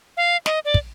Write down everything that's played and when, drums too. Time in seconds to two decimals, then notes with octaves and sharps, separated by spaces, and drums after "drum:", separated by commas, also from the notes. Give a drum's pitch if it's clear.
0.17 F5
0.46 D#5, drum: snare
0.65 D5
0.74 drum: kick